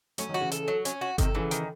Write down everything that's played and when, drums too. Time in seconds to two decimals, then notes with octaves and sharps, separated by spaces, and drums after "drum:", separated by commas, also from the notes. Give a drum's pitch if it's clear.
0.18 F#3 A3 C#4, drum: hi-hat
0.29 D#3 F#3
0.34 F#4
0.40 C#3 E3
0.52 A4, drum: hi-hat
0.68 F#3
0.85 C#4, drum: hi-hat
1.01 F#4
1.18 C3 D#3 A4, drum: kick G1, hi-hat
1.35 C#3 E3 F#3
1.51 D#3, drum: hi-hat